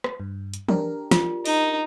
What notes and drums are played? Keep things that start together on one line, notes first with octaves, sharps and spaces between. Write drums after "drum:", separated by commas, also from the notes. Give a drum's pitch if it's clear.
drum: rim click
G2
drum: hi-hat
D4 G4 A#4, drum: tom E3
F4, drum: snare
D#4, drum: open hi-hat